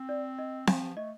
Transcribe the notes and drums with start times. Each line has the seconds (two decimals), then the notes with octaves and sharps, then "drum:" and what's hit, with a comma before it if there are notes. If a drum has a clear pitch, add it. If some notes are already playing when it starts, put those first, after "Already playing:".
Already playing: C4
0.09 D5
0.39 D#5
0.67 F3, drum: snare C4
0.97 A3 D#5